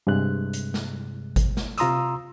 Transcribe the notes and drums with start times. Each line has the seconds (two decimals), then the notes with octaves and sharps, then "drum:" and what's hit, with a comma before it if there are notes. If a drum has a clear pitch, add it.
0.07 G2 C3 G#3 F#6
0.53 drum: hi-hat
0.74 drum: snare
1.36 drum: kick G#1, hi-hat
1.57 drum: snare
1.78 C3 F4 A#5 C6 D#6 E6, drum: hi-hat